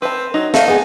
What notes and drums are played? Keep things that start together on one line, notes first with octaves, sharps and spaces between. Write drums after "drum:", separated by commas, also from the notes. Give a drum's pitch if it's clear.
C4 B4 A5
F#3 D#4
A3 D#4 A4 D5 E5 F5 A5, drum: snare
B3 G#4 F#5 G#5